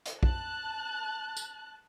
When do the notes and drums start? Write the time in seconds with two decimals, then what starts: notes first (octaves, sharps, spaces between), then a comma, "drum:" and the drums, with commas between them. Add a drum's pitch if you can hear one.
0.06 drum: hi-hat
0.23 A5 F#6, drum: kick
1.37 drum: tambourine